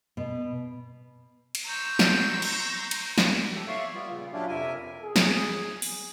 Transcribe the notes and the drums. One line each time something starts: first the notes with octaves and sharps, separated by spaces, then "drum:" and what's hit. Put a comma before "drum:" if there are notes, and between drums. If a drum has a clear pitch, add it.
B2
drum: cymbal
A#5 C6 C#6 E6 G6
drum: snare
drum: cymbal
drum: cymbal
drum: snare
G4 A4
C#5 D5 E5 F5 C6 C#6
G3 B3 F4
A#2 C#3
F#3 C#4 D4 E4 F4 G4
F2 C3 A#4 E5 G#5
G#4
drum: snare
drum: open hi-hat